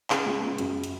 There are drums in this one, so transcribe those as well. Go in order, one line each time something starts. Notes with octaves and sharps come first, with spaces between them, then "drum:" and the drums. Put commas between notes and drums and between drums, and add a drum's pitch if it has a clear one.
C#3 G#4, drum: clap
C#2
C#2
F#2, drum: hi-hat
drum: hi-hat